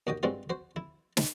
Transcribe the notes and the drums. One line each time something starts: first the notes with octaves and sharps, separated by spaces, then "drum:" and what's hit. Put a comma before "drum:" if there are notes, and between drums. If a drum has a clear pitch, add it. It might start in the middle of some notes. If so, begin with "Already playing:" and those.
D#2 F#4 D#5 G5
G2 G#3 C4 F4 F#4
F#4 C5
E4
drum: snare